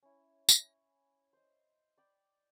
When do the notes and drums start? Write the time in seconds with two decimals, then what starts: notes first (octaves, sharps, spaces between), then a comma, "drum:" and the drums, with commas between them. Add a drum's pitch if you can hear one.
0.03 C#4 E4
0.49 drum: tambourine
1.33 C5 D#5
1.98 D5 G5 B5